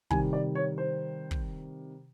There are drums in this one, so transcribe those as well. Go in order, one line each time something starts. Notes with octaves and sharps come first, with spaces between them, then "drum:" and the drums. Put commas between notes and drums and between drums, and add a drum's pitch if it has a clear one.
C3 D#3 G3 G#5, drum: kick
D5
C#5
C5
drum: kick